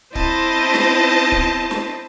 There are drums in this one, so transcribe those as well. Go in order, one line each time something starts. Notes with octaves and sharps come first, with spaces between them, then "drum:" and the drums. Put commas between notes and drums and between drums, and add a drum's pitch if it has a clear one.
C4 E4 C5 D#5 A5, drum: kick C#1
drum: snare
drum: kick C#1
drum: snare